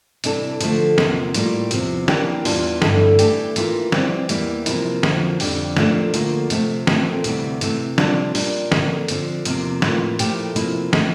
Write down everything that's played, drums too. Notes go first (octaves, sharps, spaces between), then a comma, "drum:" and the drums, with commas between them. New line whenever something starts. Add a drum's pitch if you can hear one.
C3 E3 G3 D4 A4, drum: hi-hat
D3 F3 A3, drum: hi-hat
E2 C3 F3 A#3, drum: snare
A2 G3 A#3 F4, drum: hi-hat
E2 C3 F3, drum: hi-hat
E3 A#3 D4 G4 A#4, drum: snare
E2 E3 G3 D4 F4, drum: open hi-hat
G2 D3 A3 E4 A4, drum: snare
E3 A3 D4 G4, drum: hi-hat
E3 A#3 F4 A#4, drum: hi-hat
E3 G3 C4, drum: snare
E2 E3 G3 A#3 E4, drum: hi-hat
C3 F3 A#3 E4 A#4, drum: hi-hat
F2 D3 F3 A#3, drum: snare
F2 D3 G3 D4 G4, drum: open hi-hat
A#2 F3 A3 D4 A4, drum: snare
D2 D3 F3 A#3 F4, drum: hi-hat
C3 F3 A3 C4, drum: hi-hat
A#2 A3 C4, drum: snare
D2 C3 E3 G3, drum: hi-hat
C3 E3 A3, drum: hi-hat
C3 G3 D4 F4, drum: snare
A#2 G3 D4, drum: open hi-hat
D3 G3 A#3, drum: snare
D3 F3 C4, drum: hi-hat
E2 C3 F3 A#3, drum: hi-hat
A2 E3 A#3 F4, drum: snare
A#2 F3 A3 E4 G4, drum: hi-hat
C3 F3 A#3 E4, drum: hi-hat
A#2 A3 E4, drum: snare